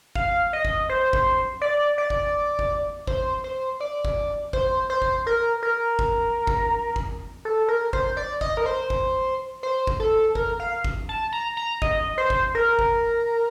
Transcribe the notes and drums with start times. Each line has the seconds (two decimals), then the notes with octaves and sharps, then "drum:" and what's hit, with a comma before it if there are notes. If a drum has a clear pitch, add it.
0.15 F5, drum: kick G#1
0.53 D#5
0.65 drum: kick G#1
0.89 C5
1.13 drum: kick G#1
1.61 D5
1.98 D5
2.10 drum: kick G#1
2.59 drum: kick G#1
3.07 C5, drum: kick G#1
3.44 C5
3.80 D5
4.05 drum: kick G#1
4.53 C5, drum: kick G#1
4.90 C5
5.02 drum: kick G#1
5.27 A#4
5.63 A#4
5.99 drum: kick G#1
6.47 drum: kick G#1
6.96 drum: kick G#1
7.45 A4
7.68 A#4
7.93 C5, drum: kick G#1
8.17 D5
8.41 D#5, drum: kick G#1
8.57 A#4
8.66 C5
8.90 drum: kick G#1
9.63 C5
9.87 drum: kick G#1
10.00 A4
10.35 A#4, drum: kick G#1
10.60 F5
10.85 drum: kick G#1
11.09 A5
11.33 A#5
11.57 A#5
11.82 D#5, drum: kick G#1
12.18 C5
12.30 drum: kick G#1
12.55 A#4
12.79 drum: kick G#1